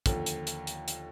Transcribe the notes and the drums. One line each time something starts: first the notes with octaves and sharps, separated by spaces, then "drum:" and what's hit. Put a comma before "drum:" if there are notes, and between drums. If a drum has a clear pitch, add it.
D#2 D3 F3, drum: kick, hi-hat
drum: hi-hat
drum: hi-hat
drum: hi-hat
drum: hi-hat